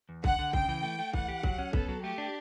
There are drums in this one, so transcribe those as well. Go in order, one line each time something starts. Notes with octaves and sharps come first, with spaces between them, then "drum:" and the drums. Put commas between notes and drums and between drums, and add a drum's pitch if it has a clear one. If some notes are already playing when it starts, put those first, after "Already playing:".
E2
D3 F#5, drum: kick C2
D3
C#3 G5, drum: kick C2
E3
A3
A3
E3 F#5, drum: kick C2
G4
F#3, drum: kick C2
C#4
B3 A4, drum: kick C2
F#3
A3 G4
D4